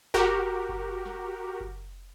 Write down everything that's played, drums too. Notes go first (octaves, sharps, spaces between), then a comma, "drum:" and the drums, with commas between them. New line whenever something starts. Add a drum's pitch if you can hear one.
F#4 G4 A#4, drum: kick F#1
drum: kick F#1
drum: snare
drum: kick F#1